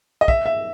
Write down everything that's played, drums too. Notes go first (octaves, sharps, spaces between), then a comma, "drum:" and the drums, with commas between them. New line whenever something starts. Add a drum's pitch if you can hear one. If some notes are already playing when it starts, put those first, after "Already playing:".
D#5
E5, drum: kick
E5